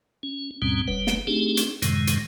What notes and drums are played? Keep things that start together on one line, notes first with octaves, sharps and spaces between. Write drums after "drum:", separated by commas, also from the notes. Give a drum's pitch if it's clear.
C#4
D#2 G#2 B2 G3 C4 C#4
F#1 G3 B4
drum: snare
A3 C4 D4 D#4 G4 G#4
drum: hi-hat
F#2 A2 C3 D#3 G#3, drum: hi-hat
drum: hi-hat